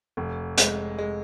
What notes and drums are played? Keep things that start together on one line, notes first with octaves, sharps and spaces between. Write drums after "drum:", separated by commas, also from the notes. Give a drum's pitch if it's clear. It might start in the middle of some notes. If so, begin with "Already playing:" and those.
F1
G#3, drum: hi-hat
G#3